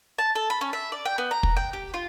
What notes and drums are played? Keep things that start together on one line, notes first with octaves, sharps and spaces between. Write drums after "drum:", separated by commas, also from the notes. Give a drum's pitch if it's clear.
A5
A4
B5
C#4
E5
D5
G5
B3
A#5
drum: kick
G5
G4
F4